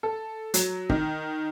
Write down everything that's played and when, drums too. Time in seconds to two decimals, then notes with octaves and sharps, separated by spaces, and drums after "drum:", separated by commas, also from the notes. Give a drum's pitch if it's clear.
0.03 A4
0.54 F#3, drum: hi-hat
0.90 D#3, drum: kick